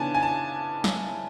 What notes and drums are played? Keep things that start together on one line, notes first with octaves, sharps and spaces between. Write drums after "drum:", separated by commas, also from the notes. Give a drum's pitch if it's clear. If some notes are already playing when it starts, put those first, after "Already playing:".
Already playing: C#3 E3 B3 D4 G#5 A5
G#5
A5
drum: snare